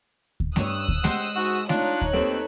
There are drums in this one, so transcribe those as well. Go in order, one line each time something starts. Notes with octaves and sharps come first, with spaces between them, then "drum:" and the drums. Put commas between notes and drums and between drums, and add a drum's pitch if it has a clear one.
drum: kick D2
G2 C#5 D#6 E6 F#6, drum: snare A3
drum: kick D2
G#3 G4 C5 F#5, drum: snare A3
G#2 F#4
D4 D#4 F4 C#5 F#6, drum: snare A3
drum: kick D2
D#2 A3 C4 B4